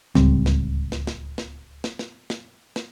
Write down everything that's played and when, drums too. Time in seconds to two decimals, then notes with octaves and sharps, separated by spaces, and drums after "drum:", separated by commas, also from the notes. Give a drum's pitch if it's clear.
0.15 D1 C#2 G3 C4, drum: snare
0.46 drum: snare
0.92 drum: snare
1.07 drum: snare
1.38 drum: snare
1.84 drum: snare
1.99 drum: snare
2.30 drum: snare
2.76 drum: snare